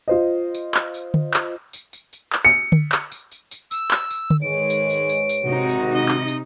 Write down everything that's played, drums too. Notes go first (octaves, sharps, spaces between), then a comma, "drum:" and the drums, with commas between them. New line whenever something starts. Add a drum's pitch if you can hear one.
F4 C5 D#5
drum: tambourine
drum: clap
drum: tambourine
drum: tom D3
drum: clap
drum: tambourine
drum: tambourine
drum: tambourine
drum: clap
C#7
drum: tom D3
drum: clap
drum: tambourine
drum: tambourine
drum: tambourine
E6, drum: tambourine
drum: clap
drum: tambourine
drum: tom D3
G#2 D#3 G#3 B4 C#5 D7
drum: tambourine
drum: tambourine
drum: tambourine
drum: tambourine
G#1 C3 D#4 F#4
drum: tambourine
D#5
drum: clap
drum: tambourine